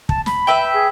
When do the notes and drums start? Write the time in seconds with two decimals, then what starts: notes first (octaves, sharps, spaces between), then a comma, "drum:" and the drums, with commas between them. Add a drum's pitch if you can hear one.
0.09 A5, drum: kick
0.26 B5, drum: snare
0.47 B4 E5 G5
0.74 G#4